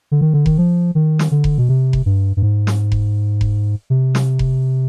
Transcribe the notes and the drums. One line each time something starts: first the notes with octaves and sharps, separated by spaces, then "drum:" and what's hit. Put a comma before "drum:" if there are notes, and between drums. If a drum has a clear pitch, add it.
D3
D#3
D3
D#3, drum: kick F1
F3
D#3
drum: snare
D3
drum: kick F1
B2
C3
drum: kick F1
G2
G2
G#2
drum: snare
drum: kick F1
drum: kick F1
C3
drum: snare
drum: kick F1